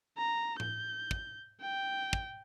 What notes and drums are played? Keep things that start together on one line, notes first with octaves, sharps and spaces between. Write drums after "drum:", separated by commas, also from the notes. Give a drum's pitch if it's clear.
A#5
G6, drum: tom A2
drum: kick
G5
drum: kick